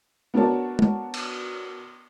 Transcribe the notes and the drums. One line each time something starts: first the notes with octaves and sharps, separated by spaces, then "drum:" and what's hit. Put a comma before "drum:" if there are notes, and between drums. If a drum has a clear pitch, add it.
B3 D4 F#4 A#4 C#5 A5
drum: tom
drum: cymbal